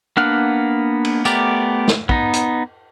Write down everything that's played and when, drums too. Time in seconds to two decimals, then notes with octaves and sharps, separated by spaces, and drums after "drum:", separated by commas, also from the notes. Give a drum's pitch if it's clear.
0.17 A#3 B3 D4 F#5 F6
1.05 drum: cymbal
1.25 A3 B3 G4 A#4 D5, drum: tambourine
1.88 drum: snare
2.09 B3 D#4, drum: kick
2.33 drum: hi-hat